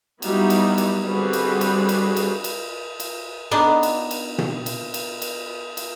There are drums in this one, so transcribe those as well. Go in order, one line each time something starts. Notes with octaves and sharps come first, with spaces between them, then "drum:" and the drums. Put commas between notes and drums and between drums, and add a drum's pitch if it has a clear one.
F#3 G3 B3 D#4 E4 F#4, drum: cymbal
drum: cymbal
drum: cymbal
D3 G3 C4 F#4 G#4 B4
drum: cymbal
drum: cymbal
drum: cymbal
drum: cymbal
drum: cymbal
drum: cymbal
B3 D4 D#4
drum: cymbal
drum: cymbal
drum: tom
drum: cymbal
drum: cymbal
drum: cymbal
drum: cymbal